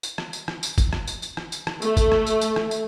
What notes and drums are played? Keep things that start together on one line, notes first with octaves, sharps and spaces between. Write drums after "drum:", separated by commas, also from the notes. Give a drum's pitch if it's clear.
drum: tambourine
drum: rim click
drum: tambourine
drum: rim click
drum: tambourine
drum: kick, tambourine
drum: rim click
drum: tambourine
drum: tambourine
drum: rim click
drum: tambourine
drum: rim click
A3, drum: tambourine
drum: kick, tambourine
drum: rim click
drum: tambourine
drum: tambourine
drum: rim click
drum: tambourine